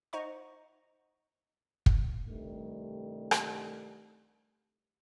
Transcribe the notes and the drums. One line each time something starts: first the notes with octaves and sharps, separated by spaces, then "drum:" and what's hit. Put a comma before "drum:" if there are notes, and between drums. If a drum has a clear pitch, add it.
D#4 C5 D#5 F#5 A#5 C#6
drum: kick
C2 G2 D#3 G3 A3
drum: rim click